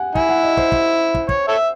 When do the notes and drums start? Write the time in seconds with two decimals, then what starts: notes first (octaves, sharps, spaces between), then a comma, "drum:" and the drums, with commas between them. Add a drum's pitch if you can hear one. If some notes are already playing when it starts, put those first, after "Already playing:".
Already playing: F#5 G#5
0.15 E4 G#5, drum: kick
0.29 F#5
0.43 D#5
0.57 C5, drum: kick
0.72 drum: kick
1.14 drum: kick
1.29 C#5, drum: kick
1.48 A4 C#5 E5